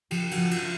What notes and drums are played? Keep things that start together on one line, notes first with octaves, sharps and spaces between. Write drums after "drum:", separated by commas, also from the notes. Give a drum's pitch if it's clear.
F3 G4, drum: cymbal
F#4, drum: cymbal
F3
F4, drum: cymbal
F4